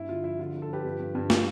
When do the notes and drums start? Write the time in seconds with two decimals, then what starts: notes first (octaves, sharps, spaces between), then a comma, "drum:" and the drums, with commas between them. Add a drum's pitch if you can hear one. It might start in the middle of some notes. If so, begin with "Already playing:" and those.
Already playing: G2 E4
0.09 D3 F4
0.24 F3 E4
0.39 D3 F4
0.54 D3
0.62 F4 A4
0.69 F3 G4 B4
0.85 G2
1.00 G2
1.15 G2
1.30 F3, drum: snare